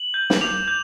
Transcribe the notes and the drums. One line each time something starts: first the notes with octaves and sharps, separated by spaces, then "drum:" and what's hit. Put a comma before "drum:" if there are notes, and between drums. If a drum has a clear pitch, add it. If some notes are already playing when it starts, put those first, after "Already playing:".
Already playing: F#7
G6
drum: snare
D6 F7
G6